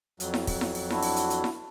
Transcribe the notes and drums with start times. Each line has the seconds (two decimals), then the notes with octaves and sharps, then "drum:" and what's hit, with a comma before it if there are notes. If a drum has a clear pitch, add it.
0.20 F2 F#3, drum: hi-hat
0.34 drum: snare E4
0.47 drum: kick, open hi-hat
0.61 drum: snare E4
0.75 drum: open hi-hat
0.90 D4 E4 F#4, drum: snare E4
1.03 drum: open hi-hat
1.16 drum: hi-hat
1.30 drum: hi-hat
1.44 drum: snare E4